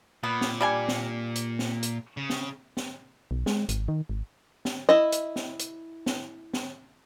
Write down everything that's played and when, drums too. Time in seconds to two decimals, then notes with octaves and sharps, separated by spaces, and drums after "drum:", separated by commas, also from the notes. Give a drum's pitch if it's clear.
0.23 A#2 B3
0.41 drum: snare
0.61 G3 D4 G#5
0.88 drum: snare
1.35 drum: hi-hat
1.59 drum: snare
1.83 drum: hi-hat
2.17 C#3
2.30 drum: snare
2.77 drum: snare
3.31 B1
3.46 G#3, drum: snare
3.69 G#1, drum: hi-hat
3.88 D#3
4.09 G#1
4.65 drum: snare
4.89 E4 D#5
5.12 drum: hi-hat
5.36 drum: snare
5.59 drum: hi-hat
6.06 drum: snare
6.53 drum: snare